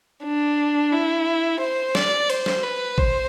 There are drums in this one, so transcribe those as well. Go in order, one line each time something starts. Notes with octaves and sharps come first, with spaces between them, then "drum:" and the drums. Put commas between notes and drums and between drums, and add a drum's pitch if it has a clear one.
D4
E4
C5
D5, drum: snare
C5, drum: cymbal
drum: snare
B4
C5, drum: kick